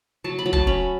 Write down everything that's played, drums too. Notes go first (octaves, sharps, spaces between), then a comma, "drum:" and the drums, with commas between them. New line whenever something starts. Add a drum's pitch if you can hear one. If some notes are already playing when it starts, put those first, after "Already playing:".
F#3 A5
B5
F#3
A5, drum: kick
C#4 B5